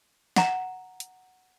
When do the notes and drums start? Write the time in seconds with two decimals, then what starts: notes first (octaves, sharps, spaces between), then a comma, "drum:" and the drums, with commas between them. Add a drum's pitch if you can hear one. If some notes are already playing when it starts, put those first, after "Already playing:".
0.36 F#5 A#5, drum: snare
1.00 drum: hi-hat